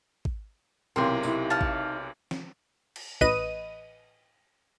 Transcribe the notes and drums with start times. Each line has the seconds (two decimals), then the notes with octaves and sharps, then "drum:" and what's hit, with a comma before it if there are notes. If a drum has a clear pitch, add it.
0.25 drum: kick G#1
0.96 B1 C3 C4 E4 A#4 G5 C6
1.23 D#4 E4 G4, drum: tambourine
1.50 C#4 F5 A5
1.61 drum: kick G#1
2.31 drum: snare
2.96 drum: cymbal
3.21 A1 B4 D#5 D#7, drum: kick G#1